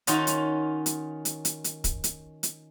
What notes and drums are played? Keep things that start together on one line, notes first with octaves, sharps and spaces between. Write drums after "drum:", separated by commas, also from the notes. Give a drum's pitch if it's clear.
D#3 C#4 D#4 F4 F#4, drum: hi-hat
drum: hi-hat
drum: hi-hat
drum: hi-hat
drum: hi-hat
drum: hi-hat
drum: kick, hi-hat
drum: hi-hat
drum: hi-hat